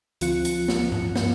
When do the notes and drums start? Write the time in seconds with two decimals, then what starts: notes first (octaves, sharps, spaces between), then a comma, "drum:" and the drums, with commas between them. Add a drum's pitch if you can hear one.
0.21 D2 F3 C4 F4 F#6 C#7, drum: hi-hat
0.45 drum: hi-hat
0.68 drum: snare
0.92 drum: tom G2
1.16 drum: snare